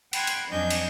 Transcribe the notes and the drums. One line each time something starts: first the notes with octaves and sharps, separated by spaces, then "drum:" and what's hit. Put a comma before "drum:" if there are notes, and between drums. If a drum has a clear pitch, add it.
F#5 G5 B5 C6 F#6 G#6, drum: cymbal
drum: cymbal
F2 F#3 D4 D#5 G#5 G6
drum: cymbal